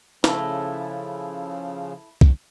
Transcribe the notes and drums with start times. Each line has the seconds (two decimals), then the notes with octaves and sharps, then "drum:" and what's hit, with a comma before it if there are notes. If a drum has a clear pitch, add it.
0.24 C#3 F3 E4 A4, drum: snare
2.21 drum: kick